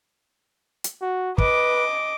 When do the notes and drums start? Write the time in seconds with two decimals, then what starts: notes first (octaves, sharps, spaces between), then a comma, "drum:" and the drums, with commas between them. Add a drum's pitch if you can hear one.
0.84 drum: hi-hat
1.02 F#4
1.38 B4 D#5 D6, drum: kick